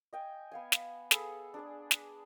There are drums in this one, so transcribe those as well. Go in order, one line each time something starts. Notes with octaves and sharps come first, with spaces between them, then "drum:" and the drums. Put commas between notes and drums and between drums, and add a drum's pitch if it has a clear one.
D#5 G5 G#5
B3 F5 G#5
drum: snare
G#4 A4 B4, drum: snare
D4 G#4 D5
drum: snare